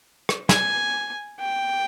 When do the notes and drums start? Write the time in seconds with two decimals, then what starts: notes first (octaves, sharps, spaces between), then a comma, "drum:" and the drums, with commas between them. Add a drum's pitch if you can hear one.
0.29 drum: rim click
0.49 G#5, drum: snare
1.40 G5